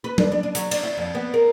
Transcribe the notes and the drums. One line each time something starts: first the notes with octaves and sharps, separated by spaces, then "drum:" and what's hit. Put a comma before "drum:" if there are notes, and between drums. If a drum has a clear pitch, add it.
B4
D4, drum: tom F#3
D4
D4
F#3, drum: hi-hat
D4, drum: cymbal
E4
F2
B3
A#4